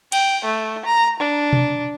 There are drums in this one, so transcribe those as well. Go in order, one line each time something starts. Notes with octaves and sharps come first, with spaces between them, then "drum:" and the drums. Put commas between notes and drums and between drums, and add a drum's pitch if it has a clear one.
G5, drum: cymbal
A3
A#5
D4
drum: tom B2